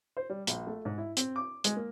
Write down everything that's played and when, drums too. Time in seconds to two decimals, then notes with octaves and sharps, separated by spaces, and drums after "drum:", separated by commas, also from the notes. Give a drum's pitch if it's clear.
0.17 C5
0.30 G3
0.47 A#1, drum: hi-hat
0.67 A3
0.85 G#2
0.98 E4
1.17 C4, drum: hi-hat
1.36 D6
1.64 G#3, drum: hi-hat
1.76 A#3